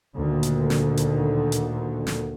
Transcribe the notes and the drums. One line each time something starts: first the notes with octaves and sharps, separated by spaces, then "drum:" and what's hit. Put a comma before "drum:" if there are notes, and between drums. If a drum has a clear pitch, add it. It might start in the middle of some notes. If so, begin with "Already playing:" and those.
D2 A#2 D3 D#3
drum: hi-hat
drum: snare
drum: hi-hat
drum: hi-hat
drum: snare